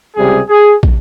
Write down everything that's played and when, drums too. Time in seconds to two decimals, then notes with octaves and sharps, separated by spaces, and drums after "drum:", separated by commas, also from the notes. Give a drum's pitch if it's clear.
0.16 C#2 C3 G3 G#4
0.50 G#4
0.83 drum: kick